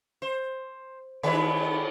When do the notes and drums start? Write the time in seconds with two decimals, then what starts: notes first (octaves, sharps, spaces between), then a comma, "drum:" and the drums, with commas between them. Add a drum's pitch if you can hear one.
0.22 C5
1.23 D#3 G#3 B4, drum: cymbal